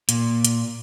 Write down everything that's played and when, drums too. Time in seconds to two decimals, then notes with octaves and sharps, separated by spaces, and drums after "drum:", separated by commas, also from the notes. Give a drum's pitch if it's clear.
0.09 A#2, drum: hi-hat
0.45 drum: hi-hat